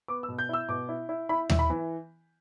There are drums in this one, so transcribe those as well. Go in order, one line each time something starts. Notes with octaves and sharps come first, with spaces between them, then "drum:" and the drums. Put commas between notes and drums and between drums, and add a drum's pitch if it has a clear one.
B3 D6
E6
B2
G6
E4 E6
B2 D6
E4
E4
E4 B5
E4, drum: tom D#2
B5
E3